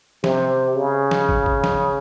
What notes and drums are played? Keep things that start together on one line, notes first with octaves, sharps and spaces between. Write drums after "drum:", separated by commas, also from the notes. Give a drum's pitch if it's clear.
C3, drum: snare
C#3
drum: snare
drum: kick
drum: kick
drum: snare